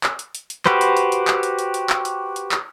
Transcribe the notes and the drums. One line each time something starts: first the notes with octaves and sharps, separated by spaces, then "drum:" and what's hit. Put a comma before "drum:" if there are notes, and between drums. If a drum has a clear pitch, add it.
drum: clap
drum: hi-hat
drum: hi-hat
drum: hi-hat
F#4 G4 B4 C5, drum: clap
drum: hi-hat
drum: hi-hat
drum: hi-hat
drum: clap
drum: hi-hat
drum: hi-hat
drum: hi-hat
drum: clap
drum: hi-hat
drum: hi-hat
drum: clap